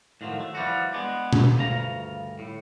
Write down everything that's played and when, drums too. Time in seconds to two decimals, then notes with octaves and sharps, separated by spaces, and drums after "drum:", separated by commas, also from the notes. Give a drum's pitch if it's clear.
0.21 A2 D#3 F3 F#3
0.40 A3
0.55 E3 F3 G3 G#3 F#4
0.93 G#3 B3 D4
1.33 drum: tom B2
1.57 D2 G2 C#3 F4 A#5
2.39 A2